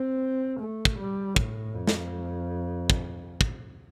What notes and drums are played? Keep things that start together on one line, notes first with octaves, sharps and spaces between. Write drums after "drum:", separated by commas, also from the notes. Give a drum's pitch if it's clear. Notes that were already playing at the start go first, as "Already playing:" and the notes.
Already playing: C4
A3
drum: kick
G3
A2, drum: kick
F2
drum: snare
drum: kick
drum: kick